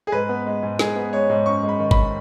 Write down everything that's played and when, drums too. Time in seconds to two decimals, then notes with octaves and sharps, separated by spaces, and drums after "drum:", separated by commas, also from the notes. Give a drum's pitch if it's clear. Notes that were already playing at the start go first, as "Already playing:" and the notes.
0.07 G#4
0.12 G#2 B4
0.29 B3
0.46 G#3
0.63 G#2
0.79 G#2 G#4, drum: snare
0.96 B3
1.12 G#3 C#5
1.30 G#2
1.46 F#2 C#6
1.63 G#3
1.69 B5
1.79 D#3
1.91 B5, drum: kick